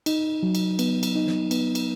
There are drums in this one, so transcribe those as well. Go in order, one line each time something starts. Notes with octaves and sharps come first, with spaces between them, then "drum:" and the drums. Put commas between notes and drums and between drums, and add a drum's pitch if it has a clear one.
D#4, drum: cymbal
F#3
drum: cymbal
B3, drum: cymbal
drum: cymbal
D#4
drum: snare
B3, drum: cymbal
drum: cymbal